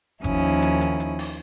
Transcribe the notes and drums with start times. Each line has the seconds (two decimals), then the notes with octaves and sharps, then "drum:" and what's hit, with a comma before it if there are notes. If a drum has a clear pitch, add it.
0.24 D#2 D#3 F3 C#4 E4 D#6, drum: kick G1, hi-hat
0.62 drum: hi-hat
0.81 drum: hi-hat
1.00 drum: hi-hat
1.19 drum: open hi-hat